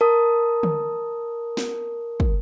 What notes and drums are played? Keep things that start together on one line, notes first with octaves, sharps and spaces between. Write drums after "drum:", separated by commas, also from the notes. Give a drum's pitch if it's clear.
A#4 A5 D#6
drum: tom D3
drum: snare
drum: kick